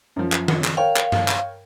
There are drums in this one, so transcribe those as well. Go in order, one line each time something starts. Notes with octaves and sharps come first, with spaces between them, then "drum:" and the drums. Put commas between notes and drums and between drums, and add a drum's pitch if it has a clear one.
F#2 F3
drum: clap
drum: tom D#3
drum: clap
A#4 C#5 F5 G5
drum: clap
drum: tom G2
drum: clap